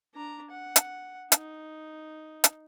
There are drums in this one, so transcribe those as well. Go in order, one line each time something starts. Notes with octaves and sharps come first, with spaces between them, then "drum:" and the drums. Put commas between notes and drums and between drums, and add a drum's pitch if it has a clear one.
D4 A#5
F#5
drum: hi-hat
D#4, drum: hi-hat
drum: hi-hat